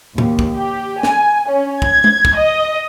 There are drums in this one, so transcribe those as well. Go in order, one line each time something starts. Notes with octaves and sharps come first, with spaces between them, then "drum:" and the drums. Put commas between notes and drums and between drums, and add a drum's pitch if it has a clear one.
D#2, drum: tom A2
drum: kick
G4
G#5, drum: snare
C#4
G#6, drum: kick
drum: tom
drum: kick
D#5